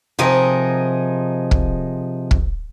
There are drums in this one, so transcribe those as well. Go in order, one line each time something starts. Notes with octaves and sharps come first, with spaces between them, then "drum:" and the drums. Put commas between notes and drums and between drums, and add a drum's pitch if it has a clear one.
C3 F3 D#4 G#4 A#4
drum: kick
drum: kick